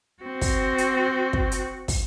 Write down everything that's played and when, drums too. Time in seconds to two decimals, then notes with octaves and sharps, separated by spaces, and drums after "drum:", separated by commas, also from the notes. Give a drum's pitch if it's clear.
0.23 C4 F#4
0.41 drum: kick, open hi-hat
0.78 drum: hi-hat
1.33 drum: kick
1.52 drum: hi-hat
1.88 drum: kick, open hi-hat